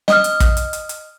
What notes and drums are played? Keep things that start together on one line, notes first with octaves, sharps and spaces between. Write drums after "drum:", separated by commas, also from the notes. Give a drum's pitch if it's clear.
D#5 D#6 F6, drum: snare
drum: hi-hat
drum: kick, hi-hat
drum: hi-hat
drum: hi-hat
drum: hi-hat